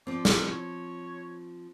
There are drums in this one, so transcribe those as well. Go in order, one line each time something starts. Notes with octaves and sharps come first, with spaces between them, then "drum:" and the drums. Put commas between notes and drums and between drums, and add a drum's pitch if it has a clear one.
F3 C4 D5
drum: snare
C#5